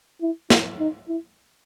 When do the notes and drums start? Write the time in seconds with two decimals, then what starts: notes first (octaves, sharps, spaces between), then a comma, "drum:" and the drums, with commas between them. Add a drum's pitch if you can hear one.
0.22 E4
0.50 E4, drum: snare
0.79 D#4
1.09 E4